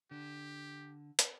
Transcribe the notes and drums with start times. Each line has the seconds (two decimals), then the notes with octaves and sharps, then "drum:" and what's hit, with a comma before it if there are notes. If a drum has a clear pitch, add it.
0.11 D3 G4
1.19 drum: hi-hat